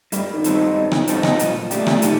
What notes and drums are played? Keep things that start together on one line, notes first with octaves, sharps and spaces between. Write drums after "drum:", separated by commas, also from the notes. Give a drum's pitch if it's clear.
G2 G3, drum: hi-hat
D#3
F#3 C4 D#4 A4, drum: hi-hat
G2
drum: rim click
F#3 C4 D#4 A4, drum: hi-hat
drum: rim click
A#2, drum: hi-hat
A3 D4 G4, drum: hi-hat
drum: rim click
A#2 D#3, drum: hi-hat